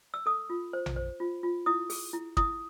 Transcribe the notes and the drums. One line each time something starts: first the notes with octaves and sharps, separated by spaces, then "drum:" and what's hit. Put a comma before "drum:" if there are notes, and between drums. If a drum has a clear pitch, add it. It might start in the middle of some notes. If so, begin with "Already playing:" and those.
E6
A4 D#6
F4
C5
drum: tom A#1
C5
F4
F4
E4 D#6
G#4, drum: open hi-hat
E4
E4 D#6, drum: kick